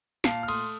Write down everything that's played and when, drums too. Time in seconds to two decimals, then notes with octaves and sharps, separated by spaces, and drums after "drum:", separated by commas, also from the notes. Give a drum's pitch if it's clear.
0.24 A#2 F5 A5, drum: snare
0.43 F6
0.48 A3 C6 D#6, drum: cymbal